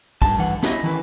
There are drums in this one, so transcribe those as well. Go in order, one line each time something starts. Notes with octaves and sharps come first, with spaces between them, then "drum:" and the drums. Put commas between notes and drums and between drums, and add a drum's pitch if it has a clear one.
G2 A5, drum: kick, cymbal
G2 E3 F#5
A3 C#4 E4 B4 D#5 E5, drum: snare
D#3 E3 C#4 E4 B4